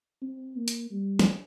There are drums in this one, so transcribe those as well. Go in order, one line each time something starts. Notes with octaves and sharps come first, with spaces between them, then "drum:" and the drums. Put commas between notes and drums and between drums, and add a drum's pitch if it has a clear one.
C4
A#3
drum: hi-hat
G3
drum: snare